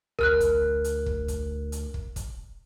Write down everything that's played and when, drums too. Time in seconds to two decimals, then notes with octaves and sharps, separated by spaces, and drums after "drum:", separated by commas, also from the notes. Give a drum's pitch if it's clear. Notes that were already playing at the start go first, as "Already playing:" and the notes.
0.19 D2 A#4 F6 F#6, drum: kick
0.41 drum: kick, hi-hat
0.84 drum: hi-hat
1.06 drum: kick
1.28 drum: kick, hi-hat
1.72 drum: hi-hat
1.94 drum: kick
2.16 drum: kick, hi-hat